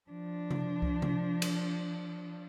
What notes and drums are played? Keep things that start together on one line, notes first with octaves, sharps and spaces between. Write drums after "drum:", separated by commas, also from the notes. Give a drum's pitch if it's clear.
F3 D4
drum: tom C3
drum: kick C2
drum: tom C3
drum: cymbal